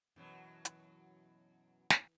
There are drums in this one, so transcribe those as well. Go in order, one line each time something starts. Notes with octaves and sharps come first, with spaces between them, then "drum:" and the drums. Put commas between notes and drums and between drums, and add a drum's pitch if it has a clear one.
F#2 B2 E3 F#3
drum: hi-hat
drum: snare